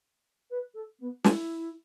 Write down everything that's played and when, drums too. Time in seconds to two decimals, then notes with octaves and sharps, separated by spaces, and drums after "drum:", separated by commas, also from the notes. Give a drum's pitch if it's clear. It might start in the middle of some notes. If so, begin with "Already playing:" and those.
0.51 B4
0.74 A4
0.99 B3
1.24 E4, drum: snare